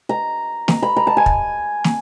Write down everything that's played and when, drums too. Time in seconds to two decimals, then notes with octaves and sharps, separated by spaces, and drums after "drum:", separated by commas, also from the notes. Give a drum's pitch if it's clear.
0.09 A#5
0.68 A#5, drum: snare
0.82 B5
0.97 A#5
1.07 A5
1.17 G#5
1.26 drum: kick
1.84 drum: snare